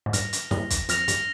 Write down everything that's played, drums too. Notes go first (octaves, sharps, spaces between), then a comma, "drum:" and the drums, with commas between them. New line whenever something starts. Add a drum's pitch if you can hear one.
G#2
G2 F6 A#6 F7, drum: hi-hat
drum: hi-hat
G2, drum: snare
drum: kick, hi-hat
F2 F6 A#6 F7, drum: hi-hat
G2, drum: hi-hat